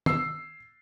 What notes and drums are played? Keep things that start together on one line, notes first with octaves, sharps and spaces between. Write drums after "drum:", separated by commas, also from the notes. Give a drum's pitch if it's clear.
E6 C7, drum: tom